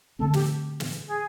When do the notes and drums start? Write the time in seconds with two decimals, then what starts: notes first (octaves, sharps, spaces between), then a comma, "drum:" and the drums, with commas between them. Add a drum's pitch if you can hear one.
0.19 D3 F3 A3 C4 A4
0.33 G4, drum: snare
0.80 drum: snare
1.07 G#4